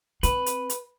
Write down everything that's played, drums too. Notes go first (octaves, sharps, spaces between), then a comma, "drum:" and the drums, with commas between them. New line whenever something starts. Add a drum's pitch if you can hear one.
C4 B4, drum: hi-hat
drum: hi-hat
drum: hi-hat